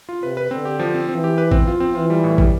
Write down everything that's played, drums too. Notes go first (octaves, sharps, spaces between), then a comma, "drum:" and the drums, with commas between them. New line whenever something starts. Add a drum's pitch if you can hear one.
F4
C3 B4
B4
D3 C4
G4
F3
C4
E3 C4
G4
B4
C4, drum: kick
F3 F4
C4
E3 F4
G3
A2
G3, drum: kick